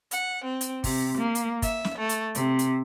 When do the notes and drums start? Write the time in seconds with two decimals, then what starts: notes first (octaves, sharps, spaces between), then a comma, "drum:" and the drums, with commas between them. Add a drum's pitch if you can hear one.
0.11 F#5, drum: hi-hat
0.44 C4
0.61 drum: hi-hat
0.84 C3, drum: kick, open hi-hat
1.18 A#3
1.35 drum: hi-hat
1.62 E5, drum: kick, hi-hat
1.85 drum: snare
1.96 A3
2.09 drum: hi-hat
2.35 C3, drum: hi-hat
2.59 drum: hi-hat